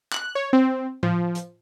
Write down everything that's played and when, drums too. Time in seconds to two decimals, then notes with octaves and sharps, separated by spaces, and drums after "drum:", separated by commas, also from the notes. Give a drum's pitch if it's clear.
0.13 F#6, drum: clap
0.35 C#5
0.53 C4
1.03 F3, drum: tom A2
1.35 drum: hi-hat